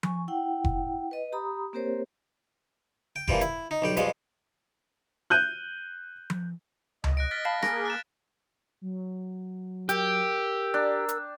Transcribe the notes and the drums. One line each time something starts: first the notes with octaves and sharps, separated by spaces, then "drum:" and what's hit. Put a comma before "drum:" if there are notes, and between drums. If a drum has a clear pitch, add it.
G#5 C#6, drum: tom F3
E4 F#5 G5
drum: kick F1
B4 D#5
G4 A#5 B5 D#6
A#3 C4 G4 A#4 C5 C#5
G5
A#2 E3 F3 G3 G5, drum: kick F1
E4, drum: hi-hat
D#4
B1 G3 G5
B2 F3 G3 G#3, drum: hi-hat
F#6 G6 D#7
drum: tom F3
D#5, drum: tom C#2
F#6 A#6 D7
F6 A6 B6
F5 A5 B5
A#3 G#4 A#4 A#6 D7, drum: rim click
F#6 A6 E7
F#3
G4 A#4 G5 E6, drum: hi-hat
D4 A#5
drum: hi-hat